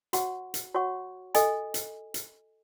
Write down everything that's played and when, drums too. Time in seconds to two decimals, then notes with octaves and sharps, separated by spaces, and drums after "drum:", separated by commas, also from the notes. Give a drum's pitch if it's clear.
0.13 F#4 C#5 F#5 C#6, drum: hi-hat
0.54 drum: hi-hat
0.74 F#4 C#5 F#5 C#6
1.34 A4 D#5 G#5, drum: hi-hat
1.74 drum: hi-hat
2.14 drum: hi-hat